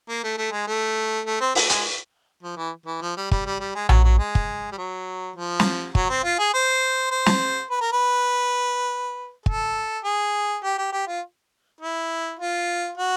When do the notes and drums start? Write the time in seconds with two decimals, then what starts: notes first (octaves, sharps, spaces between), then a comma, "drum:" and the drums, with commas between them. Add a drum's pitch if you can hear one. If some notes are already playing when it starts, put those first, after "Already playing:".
0.09 A#3
0.23 A3
0.38 A3
0.52 G#3
0.67 A3
1.26 A3
1.41 C4
1.55 A3, drum: open hi-hat
1.69 G#3, drum: hi-hat
2.43 F3
2.57 E3
2.86 E3
3.02 F3
3.17 G3
3.31 G3, drum: kick
3.46 G3
3.60 G3
3.75 G#3
3.89 F#3, drum: tom A#1
4.04 F#3
4.18 G#3
4.35 drum: kick
4.72 G3
4.78 F#3
5.36 F3
5.60 drum: snare
5.95 F#3, drum: kick
6.10 C4
6.24 F4
6.39 G#4
6.54 C5
7.12 C5
7.26 drum: snare
7.71 B4
7.81 A#4
7.92 B4
9.46 A4, drum: kick
10.04 G#4
10.64 G4
10.78 G4
10.93 G4
11.08 F4
11.81 E4
12.39 F4
12.97 F#4